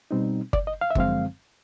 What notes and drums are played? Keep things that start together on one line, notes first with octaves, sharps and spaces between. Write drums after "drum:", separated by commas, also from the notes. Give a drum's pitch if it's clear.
B2 G3 C4 D#4
D5, drum: kick G1
D#5
F5
E5
F#2 D3 F3 G#3 C4 F5, drum: kick G1